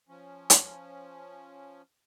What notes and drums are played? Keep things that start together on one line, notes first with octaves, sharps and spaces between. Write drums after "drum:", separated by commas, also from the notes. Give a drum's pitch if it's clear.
F3 C#4
drum: hi-hat